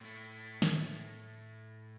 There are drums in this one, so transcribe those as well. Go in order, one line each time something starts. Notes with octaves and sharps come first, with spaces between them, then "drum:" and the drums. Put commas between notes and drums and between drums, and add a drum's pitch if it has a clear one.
A2 A3
drum: snare